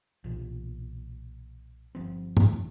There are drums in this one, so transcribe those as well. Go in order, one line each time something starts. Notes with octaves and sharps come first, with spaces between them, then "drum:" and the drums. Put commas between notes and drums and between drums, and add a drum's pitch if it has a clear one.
B1 A#2 E3
G1 F3 C4
drum: tom G2